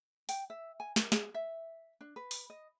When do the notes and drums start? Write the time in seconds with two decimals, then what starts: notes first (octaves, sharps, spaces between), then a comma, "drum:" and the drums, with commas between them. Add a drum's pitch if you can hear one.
0.29 G5, drum: open hi-hat
0.50 E5
0.80 G#5
0.96 A#4, drum: snare
1.12 G#4, drum: snare
1.34 E5
2.01 D4
2.16 B4
2.31 drum: open hi-hat
2.50 D#5